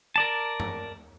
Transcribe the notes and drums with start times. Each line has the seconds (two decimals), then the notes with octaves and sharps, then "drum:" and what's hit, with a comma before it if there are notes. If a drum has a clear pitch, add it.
0.16 A#4 D5 A5
0.60 drum: tom